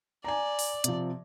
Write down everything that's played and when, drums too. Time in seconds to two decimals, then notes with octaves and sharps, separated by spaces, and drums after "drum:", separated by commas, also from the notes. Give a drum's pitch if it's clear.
0.24 D5 G#5 A#5
0.59 drum: open hi-hat
0.84 C3 F3, drum: hi-hat